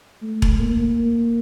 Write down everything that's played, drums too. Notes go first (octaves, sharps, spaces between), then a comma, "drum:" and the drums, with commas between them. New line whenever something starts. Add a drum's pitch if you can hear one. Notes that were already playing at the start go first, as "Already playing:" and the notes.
A3
drum: kick E1
A#3